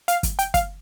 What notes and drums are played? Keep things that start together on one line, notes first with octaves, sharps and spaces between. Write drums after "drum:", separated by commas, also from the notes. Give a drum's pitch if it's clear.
F5, drum: hi-hat
drum: kick, hi-hat
G5, drum: hi-hat
F5, drum: kick, hi-hat